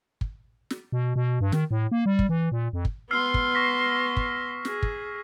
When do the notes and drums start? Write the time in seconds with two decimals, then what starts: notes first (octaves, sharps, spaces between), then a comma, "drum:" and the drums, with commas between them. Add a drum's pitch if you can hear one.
0.21 drum: kick
0.70 drum: snare
0.92 B2
1.16 B2
1.41 G2
1.52 D#3, drum: snare
1.71 A2
1.92 A#3
2.06 G3
2.19 drum: kick
2.29 E3
2.52 A#2
2.73 F2
2.85 drum: kick
3.11 B3 C6 E6 F6 C7
3.34 drum: kick
3.55 C#6 A#6 B6
4.17 drum: kick
4.65 G#4, drum: snare
4.83 drum: kick